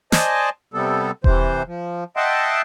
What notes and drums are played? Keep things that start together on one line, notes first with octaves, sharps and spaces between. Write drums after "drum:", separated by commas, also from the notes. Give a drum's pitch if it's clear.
C5 D5 D#5 G#5 A5, drum: snare
C3 G3 B3 A4
C3 E3 C5, drum: kick E1
F3
D#5 E5 F#5 G5 A5 C6